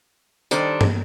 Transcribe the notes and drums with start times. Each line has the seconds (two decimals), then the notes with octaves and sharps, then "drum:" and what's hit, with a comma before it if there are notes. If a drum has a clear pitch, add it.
0.51 D#3 G3 D4 A4 C5, drum: tambourine
0.81 drum: tom